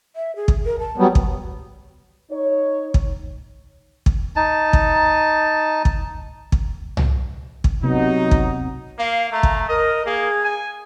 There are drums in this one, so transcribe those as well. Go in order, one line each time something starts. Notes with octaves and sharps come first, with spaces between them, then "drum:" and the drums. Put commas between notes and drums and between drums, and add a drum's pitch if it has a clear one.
E5
G#4
drum: kick
A#4
A5
F#3 G3 B3
drum: kick
D#4 C#5
drum: kick
drum: kick
D#4 A5
drum: kick
drum: kick
drum: kick
drum: tom C2
drum: kick
C3 F#3 B3 D#4
drum: kick
A#3 F5
A3 A#5
drum: kick
A#4 D#5
A#3 G#4
G#5